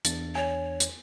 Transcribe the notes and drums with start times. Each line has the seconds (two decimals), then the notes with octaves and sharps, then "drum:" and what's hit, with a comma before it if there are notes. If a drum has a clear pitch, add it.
0.05 E2 D4 A6, drum: hi-hat
0.35 C#5 G#5
0.80 drum: hi-hat